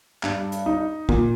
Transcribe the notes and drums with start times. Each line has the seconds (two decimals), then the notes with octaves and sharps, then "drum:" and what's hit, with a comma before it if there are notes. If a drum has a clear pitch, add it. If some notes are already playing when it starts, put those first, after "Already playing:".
0.23 G2, drum: clap
0.52 drum: hi-hat
0.66 D#4
1.09 A#2, drum: kick